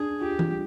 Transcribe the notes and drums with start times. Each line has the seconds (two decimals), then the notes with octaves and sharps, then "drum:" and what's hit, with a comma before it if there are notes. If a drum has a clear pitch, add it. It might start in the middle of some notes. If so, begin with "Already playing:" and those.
Already playing: D4 G#4
0.21 F4 G4
0.39 drum: tom E3
0.51 G3